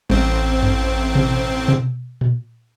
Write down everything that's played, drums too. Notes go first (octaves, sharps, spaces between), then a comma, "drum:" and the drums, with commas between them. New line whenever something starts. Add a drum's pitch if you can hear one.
A1 C4, drum: tom G3
drum: tom F#2
drum: tom B2
drum: tom B2
drum: tom A#2